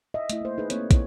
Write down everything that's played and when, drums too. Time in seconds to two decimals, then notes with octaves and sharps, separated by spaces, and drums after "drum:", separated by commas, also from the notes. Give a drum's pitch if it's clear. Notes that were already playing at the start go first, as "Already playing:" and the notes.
0.14 D#5 E5
0.30 A3 E4, drum: hi-hat
0.41 A#3 C5
0.58 D#4 G#4 B4
0.70 A#3 C4 C#5, drum: hi-hat
0.91 E4 C#5, drum: kick, hi-hat